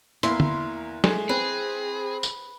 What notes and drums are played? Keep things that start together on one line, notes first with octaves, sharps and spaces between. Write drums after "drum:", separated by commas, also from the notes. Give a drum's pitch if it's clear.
E2 A#3 E4 A#4 C6, drum: hi-hat
drum: tom D3
G#3 A3 G#4, drum: snare
C4 G#4 B4
drum: tambourine